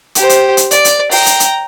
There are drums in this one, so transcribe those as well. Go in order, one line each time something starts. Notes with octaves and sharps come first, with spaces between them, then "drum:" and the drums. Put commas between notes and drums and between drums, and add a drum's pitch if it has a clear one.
G4 C5, drum: hi-hat
drum: hi-hat
drum: hi-hat
D5 D6, drum: hi-hat
drum: hi-hat
G5 A#5, drum: open hi-hat
drum: hi-hat
drum: hi-hat